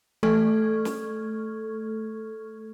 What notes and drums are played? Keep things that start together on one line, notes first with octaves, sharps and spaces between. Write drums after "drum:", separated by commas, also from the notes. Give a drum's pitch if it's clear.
A3 A4 C#6 F6 G#6, drum: tom E3
drum: snare